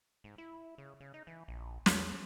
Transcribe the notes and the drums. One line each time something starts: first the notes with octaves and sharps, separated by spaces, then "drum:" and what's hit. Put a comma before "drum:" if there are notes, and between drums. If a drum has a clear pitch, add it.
G#2
E4
C#3
C#3
D#4
E3
A#1
E2, drum: snare